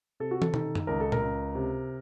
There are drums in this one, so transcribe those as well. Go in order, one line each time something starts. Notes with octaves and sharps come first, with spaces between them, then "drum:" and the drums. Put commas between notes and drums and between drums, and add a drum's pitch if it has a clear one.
C3 A4
F#4
A4, drum: tom
D#3, drum: tom
drum: tom F#2
C#2 A#4
A4
A#4, drum: tom A#2
C#2
C3